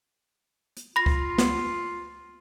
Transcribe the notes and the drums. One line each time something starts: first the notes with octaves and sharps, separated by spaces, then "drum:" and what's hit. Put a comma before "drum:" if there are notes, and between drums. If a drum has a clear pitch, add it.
drum: hi-hat
F4 B5 A#6
drum: kick C#2
drum: snare